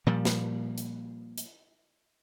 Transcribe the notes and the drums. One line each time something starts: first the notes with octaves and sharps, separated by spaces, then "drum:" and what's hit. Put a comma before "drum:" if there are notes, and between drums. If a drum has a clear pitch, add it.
A#2 F3 G3
drum: snare
drum: hi-hat
drum: hi-hat